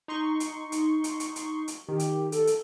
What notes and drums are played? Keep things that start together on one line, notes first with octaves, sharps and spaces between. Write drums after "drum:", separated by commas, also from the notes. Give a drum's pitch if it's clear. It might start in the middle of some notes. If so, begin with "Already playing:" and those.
D#4 C6 C#6
drum: hi-hat
drum: hi-hat
drum: hi-hat
drum: hi-hat
drum: hi-hat
drum: hi-hat
D#3 G4
drum: hi-hat
A4, drum: hi-hat
drum: hi-hat